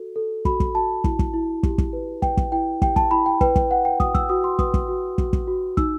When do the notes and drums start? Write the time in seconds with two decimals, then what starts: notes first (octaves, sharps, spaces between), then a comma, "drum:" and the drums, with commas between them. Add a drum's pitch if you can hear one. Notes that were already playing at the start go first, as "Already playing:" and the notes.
Already playing: F#4 A4
0.16 A4
0.45 F#4 B5, drum: kick
0.60 drum: kick
0.75 F#4 A5
1.04 E4, drum: kick
1.19 drum: kick
1.34 E4
1.63 G4, drum: kick
1.78 drum: kick
1.93 B4
2.22 B4 G5, drum: kick
2.37 drum: kick
2.52 E4 G5
2.82 G4 G5, drum: kick
2.96 A5, drum: kick
3.11 E4 B5
3.26 G5
3.41 B4 G5, drum: kick
3.56 G5, drum: kick
3.70 B4 F#5
3.85 G5
4.00 F#4 D#6, drum: kick
4.15 E6, drum: kick
4.29 F#4 D#6
4.44 C6
4.59 B4 D#6, drum: kick
4.74 drum: kick
4.89 F#4
5.18 F#4, drum: kick
5.33 drum: kick
5.48 F#4
5.77 D#4 E6, drum: kick